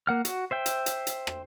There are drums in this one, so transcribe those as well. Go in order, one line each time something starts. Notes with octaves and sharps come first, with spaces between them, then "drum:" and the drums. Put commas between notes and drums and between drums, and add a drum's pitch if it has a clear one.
A#3 F#5 F6
F#4, drum: hi-hat
C5 E5 G5
drum: hi-hat
drum: hi-hat
drum: hi-hat
drum: rim click